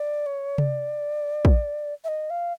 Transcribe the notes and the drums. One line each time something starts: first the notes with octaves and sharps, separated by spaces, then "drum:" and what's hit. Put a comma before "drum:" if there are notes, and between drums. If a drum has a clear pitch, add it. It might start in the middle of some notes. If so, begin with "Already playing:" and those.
Already playing: D5
C#5
D5, drum: tom C3
drum: kick
E5
D#5
F5